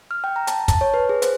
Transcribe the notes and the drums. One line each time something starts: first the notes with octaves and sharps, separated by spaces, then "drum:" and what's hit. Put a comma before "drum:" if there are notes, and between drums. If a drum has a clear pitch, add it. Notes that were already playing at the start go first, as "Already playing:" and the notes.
F6
G5
A#5
A5, drum: hi-hat
A5, drum: kick, hi-hat
C#5
B4
G#4
C5, drum: hi-hat